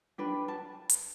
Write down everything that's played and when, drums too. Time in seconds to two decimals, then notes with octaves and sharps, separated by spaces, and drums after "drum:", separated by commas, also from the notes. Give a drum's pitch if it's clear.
0.18 D4 G4 B4
0.48 A5
0.89 drum: hi-hat